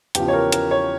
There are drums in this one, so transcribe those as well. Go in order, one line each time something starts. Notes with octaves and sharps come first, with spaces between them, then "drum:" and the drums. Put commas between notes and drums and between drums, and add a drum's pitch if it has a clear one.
E2 C#3 F3 G4, drum: hi-hat
C#5
A#4
A#4, drum: hi-hat
C#5